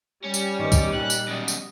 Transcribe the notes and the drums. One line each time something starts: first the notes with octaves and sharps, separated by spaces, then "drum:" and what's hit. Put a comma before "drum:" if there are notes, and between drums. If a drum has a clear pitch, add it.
G3 C#4 D5
drum: tambourine
D#3 B3 D6
drum: kick, tambourine
A#2 D#4 A5 F#6
drum: tambourine
F#2 B2 D#5
drum: tambourine